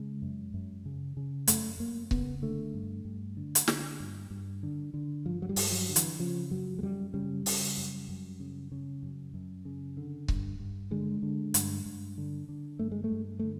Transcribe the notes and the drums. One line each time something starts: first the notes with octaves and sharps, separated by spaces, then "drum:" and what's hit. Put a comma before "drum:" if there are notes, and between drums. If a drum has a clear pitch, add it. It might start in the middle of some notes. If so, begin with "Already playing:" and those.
Already playing: C#3 G#3
F#2
F#2
C#3
C#3
F#2 A3, drum: hi-hat
F#2 A#3
C#3 B3, drum: kick C#1
D3 A3
G2
G2
D3
drum: hi-hat
D3, drum: snare
G2
G2
D3
D3
G2 F3
F#3
G3
G2, drum: open hi-hat
F#3
D3
E3, drum: hi-hat
C#3 F3
F#2 F#3
G#3
F#2 G3
C#3 G3
C#3, drum: open hi-hat
F#2
F#2
C#3
C#3
F#2
F#2
C#3
D3
G2, drum: kick C#1
G2
D3 G#3
D3
G2, drum: hi-hat
G2
D3
D3
G2 A3
G#3
A3
G2
D3 A3